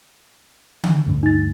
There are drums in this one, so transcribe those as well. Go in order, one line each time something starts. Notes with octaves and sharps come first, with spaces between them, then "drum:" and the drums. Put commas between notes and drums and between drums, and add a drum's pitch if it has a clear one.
drum: tom D3
D2 G2 D4
D#4 A6